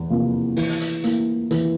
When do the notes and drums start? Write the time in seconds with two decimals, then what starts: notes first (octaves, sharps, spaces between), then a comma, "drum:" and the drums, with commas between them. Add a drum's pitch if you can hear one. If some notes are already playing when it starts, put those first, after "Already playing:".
Already playing: E2
0.10 C3 F3 A#3 F4
0.57 E3, drum: open hi-hat
0.80 drum: hi-hat
1.04 A#3 E4, drum: hi-hat
1.51 E3, drum: hi-hat